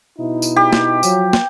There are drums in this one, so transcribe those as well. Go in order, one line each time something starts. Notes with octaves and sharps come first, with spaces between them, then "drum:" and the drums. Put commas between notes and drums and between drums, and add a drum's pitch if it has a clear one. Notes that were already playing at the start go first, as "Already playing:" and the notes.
B2 D#4 E4
drum: tambourine
G4
drum: snare
F3 F#3, drum: tambourine
drum: snare